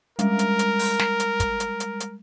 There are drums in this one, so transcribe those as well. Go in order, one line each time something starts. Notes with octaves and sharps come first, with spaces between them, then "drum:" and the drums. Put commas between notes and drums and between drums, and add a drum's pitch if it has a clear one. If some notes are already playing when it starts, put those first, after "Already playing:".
G3 G#3 A#4, drum: hi-hat
drum: hi-hat
drum: hi-hat
drum: open hi-hat
drum: snare
drum: hi-hat
drum: kick, hi-hat
drum: hi-hat
drum: hi-hat
drum: hi-hat